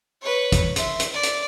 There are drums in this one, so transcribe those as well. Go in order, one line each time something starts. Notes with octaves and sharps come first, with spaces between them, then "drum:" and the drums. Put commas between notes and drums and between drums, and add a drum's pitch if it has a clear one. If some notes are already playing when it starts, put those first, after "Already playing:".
B4 C#5
drum: kick, hi-hat
E5 C6, drum: hi-hat
drum: hi-hat
D5
drum: hi-hat